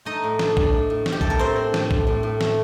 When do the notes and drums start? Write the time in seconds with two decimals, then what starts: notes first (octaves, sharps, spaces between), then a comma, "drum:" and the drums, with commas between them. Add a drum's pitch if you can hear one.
0.05 A3 D#4 D#5
0.24 A2
0.39 D4, drum: snare
0.57 D4, drum: kick A#1
0.73 A2
0.90 A2
1.06 A2, drum: snare
1.12 G4
1.21 A2 A4, drum: kick A#1
1.30 A#4
1.39 A3 C4 C5
1.56 D4
1.74 A2, drum: snare
1.91 D4, drum: kick A#1
2.07 A2
2.23 A2
2.41 A3, drum: snare